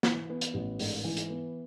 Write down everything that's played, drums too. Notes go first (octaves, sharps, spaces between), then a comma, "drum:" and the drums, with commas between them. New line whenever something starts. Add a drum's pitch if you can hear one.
E3, drum: snare
B3
drum: hi-hat
A1
G#2, drum: open hi-hat
E3
drum: hi-hat
B3